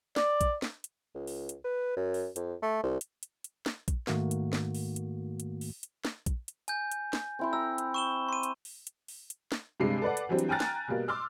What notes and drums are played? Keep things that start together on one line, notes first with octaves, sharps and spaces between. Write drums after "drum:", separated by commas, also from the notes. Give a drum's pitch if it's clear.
D5, drum: snare
drum: kick A#1, hi-hat
drum: snare
drum: hi-hat
C#2
drum: open hi-hat
drum: hi-hat
B4
F#2
drum: open hi-hat
F2, drum: hi-hat
A3
C2
drum: hi-hat
drum: hi-hat
drum: hi-hat
drum: snare
drum: kick A#1, hi-hat
G#2 D#3 A3 A#3 F#4, drum: snare
drum: hi-hat
drum: snare
drum: open hi-hat
drum: hi-hat
drum: hi-hat
drum: open hi-hat
drum: hi-hat
drum: snare
drum: kick A#1, hi-hat
drum: hi-hat
G#5 G6, drum: hi-hat
drum: hi-hat
drum: snare
C4 E4 C5
A#5 E6
drum: hi-hat
C#6 E7 G7
C6 D#7
drum: hi-hat
drum: open hi-hat
drum: hi-hat
drum: open hi-hat
drum: hi-hat
drum: snare
G2 C3 G#3 C7
A4 B4 D5 F#5
drum: hi-hat
E3 F#3 G3 C4 D4
drum: hi-hat
G5 G#5 A#5 F6 F#6 A6
drum: snare
B2 G3 A#3
C6 D6 E6 F6